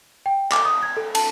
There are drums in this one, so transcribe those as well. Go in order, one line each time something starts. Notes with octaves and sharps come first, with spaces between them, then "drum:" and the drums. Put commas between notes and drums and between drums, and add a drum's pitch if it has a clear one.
G5
D6, drum: clap
D#6
G#6
A4
A5, drum: cymbal